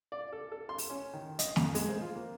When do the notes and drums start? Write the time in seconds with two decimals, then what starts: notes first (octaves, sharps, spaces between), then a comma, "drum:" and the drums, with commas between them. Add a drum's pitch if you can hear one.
0.12 D5
0.32 A4
0.52 A4
0.69 C6
0.78 drum: open hi-hat
0.90 C#4
1.14 D#3
1.39 D#5, drum: hi-hat
1.56 F2, drum: snare
1.75 G#3, drum: open hi-hat
1.89 C5
2.01 F4
2.16 A#3